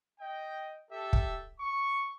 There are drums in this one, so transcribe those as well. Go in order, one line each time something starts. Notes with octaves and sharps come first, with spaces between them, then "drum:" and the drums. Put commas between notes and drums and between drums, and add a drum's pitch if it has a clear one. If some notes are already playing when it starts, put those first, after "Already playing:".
D#5 G5
G4 A4 E5
drum: kick
C#6